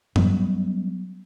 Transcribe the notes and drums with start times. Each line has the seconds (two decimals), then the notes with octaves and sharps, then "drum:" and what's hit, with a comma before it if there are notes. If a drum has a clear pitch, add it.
0.16 F#3 G3 B3 C#4, drum: tom G2